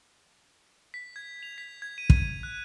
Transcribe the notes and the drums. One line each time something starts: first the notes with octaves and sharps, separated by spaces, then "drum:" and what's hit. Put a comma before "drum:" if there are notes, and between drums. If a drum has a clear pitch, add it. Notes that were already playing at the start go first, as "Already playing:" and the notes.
B6
G#6
F7
B6
G#6
D#7
D#7, drum: kick
F#6